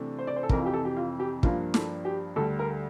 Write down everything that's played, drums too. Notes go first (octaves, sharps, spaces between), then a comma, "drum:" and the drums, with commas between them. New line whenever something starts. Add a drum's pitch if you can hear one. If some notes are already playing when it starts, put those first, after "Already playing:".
Already playing: C3 E3 A3 D4
C5
D5
C5
A4
F2 C3 E3 A#4, drum: kick
F4
G4
A4
G4
F4
G4
G2 F3 A#3 D4 F4, drum: kick
A4, drum: snare
G4
D2 D3 G3 A4
A#4